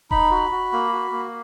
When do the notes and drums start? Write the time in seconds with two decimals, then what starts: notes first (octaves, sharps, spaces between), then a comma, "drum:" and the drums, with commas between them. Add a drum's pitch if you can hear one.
0.11 D#4 B5, drum: kick E1
0.31 F#4
0.52 F#4
0.72 A#3
0.93 F#4
1.12 A#3